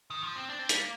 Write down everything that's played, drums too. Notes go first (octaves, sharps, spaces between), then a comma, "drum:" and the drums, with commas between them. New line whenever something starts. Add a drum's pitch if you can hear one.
D#3
F3
C4
D4
C4
G3, drum: hi-hat
A#3